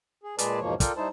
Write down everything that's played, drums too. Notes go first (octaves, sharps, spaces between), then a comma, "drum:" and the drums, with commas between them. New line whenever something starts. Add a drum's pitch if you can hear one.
G#4
A#2 G#3 G#4 B4 D5 A5, drum: hi-hat
E2 G#2 B2 F3 A#3 C#5
F4 A4 A#4 D5 G5, drum: kick, hi-hat
G3 D#4 E4 C5 A5